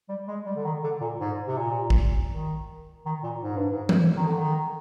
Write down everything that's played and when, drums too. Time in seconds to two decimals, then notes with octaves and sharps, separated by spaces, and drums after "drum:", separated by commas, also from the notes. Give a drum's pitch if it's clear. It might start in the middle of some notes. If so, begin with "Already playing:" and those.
0.09 G3
0.28 G#3
0.46 G3
0.56 D3
0.64 D#3
0.83 D3
1.01 A#2
1.20 G#2
1.48 C3
1.58 A#2
1.90 drum: kick
2.31 D#3
3.06 D#3
3.23 A#2
3.42 G#2
3.56 G2
3.69 G#2
3.89 drum: tom E3
4.17 D#3
4.27 D3
4.37 D#3